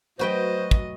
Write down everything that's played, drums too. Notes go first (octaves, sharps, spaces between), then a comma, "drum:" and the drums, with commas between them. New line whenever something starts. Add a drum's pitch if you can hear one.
F#3 A3 F#4 B4 C5 D#5 G5
drum: kick